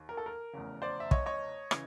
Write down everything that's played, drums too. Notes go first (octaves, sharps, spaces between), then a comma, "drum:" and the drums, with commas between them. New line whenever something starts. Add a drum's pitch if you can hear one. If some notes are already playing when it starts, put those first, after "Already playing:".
Already playing: D#2 D#3
A#4
A4
A#4
F1 E2 C#3
C5 D5
E5
C#5 D#5, drum: kick
C#5 D#5
C#3 E3, drum: rim click